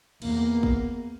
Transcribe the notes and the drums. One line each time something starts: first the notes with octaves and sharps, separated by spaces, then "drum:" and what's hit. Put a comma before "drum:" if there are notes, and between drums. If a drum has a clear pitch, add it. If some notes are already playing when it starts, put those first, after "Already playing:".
E2 A#3, drum: cymbal
drum: kick